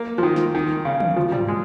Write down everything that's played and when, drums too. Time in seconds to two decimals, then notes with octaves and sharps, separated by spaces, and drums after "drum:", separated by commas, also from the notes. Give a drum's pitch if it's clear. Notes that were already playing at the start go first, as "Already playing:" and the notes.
Already playing: A#3
0.18 F3
0.23 D#3
0.36 drum: snare
0.55 D#3
0.85 C#3
1.00 drum: tom
1.16 F3
1.32 G3, drum: tom
1.48 G#3